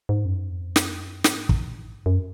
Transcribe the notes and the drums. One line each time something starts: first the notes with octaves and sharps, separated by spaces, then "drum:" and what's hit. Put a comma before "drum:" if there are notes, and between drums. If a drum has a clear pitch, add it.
G#2
F#2
F2
F#2, drum: snare
F2
F#2
G#2, drum: snare
B2, drum: kick
A2
G#2
F#2